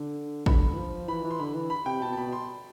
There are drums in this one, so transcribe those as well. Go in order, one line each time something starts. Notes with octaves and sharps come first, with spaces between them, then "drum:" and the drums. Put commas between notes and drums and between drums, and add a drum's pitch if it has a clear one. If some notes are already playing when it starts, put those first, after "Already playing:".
Already playing: D3
D3 B5, drum: kick
E3
F3
E3 B5
E3
C6
D3 B5
E3
B5
C3 G5
B2 A5
A5
B2 B5
C6